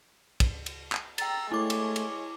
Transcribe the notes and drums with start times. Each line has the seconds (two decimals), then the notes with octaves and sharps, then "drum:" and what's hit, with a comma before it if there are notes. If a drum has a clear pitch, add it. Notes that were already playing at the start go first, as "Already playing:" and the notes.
0.40 drum: kick, cymbal
0.66 drum: cymbal
0.92 drum: clap
1.18 G5 A#5 E6 A6, drum: cymbal
1.52 G#3 A3 E4 C#5 D6
1.70 drum: cymbal
1.96 drum: cymbal